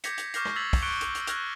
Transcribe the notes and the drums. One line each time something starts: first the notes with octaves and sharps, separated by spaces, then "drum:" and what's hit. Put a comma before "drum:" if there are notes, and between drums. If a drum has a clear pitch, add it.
D6 G6 G#6 A#6 B6 C#7, drum: hi-hat
drum: hi-hat
C#6 D6 F6 G6 A#6 C7, drum: hi-hat
drum: rim click
E6 G#6 A6 B6 F7 F#7
drum: kick, open hi-hat
C#6 F#6 C#7 D7 G7
drum: hi-hat
drum: hi-hat
C#6 F6 F#6 G#6 A#6, drum: hi-hat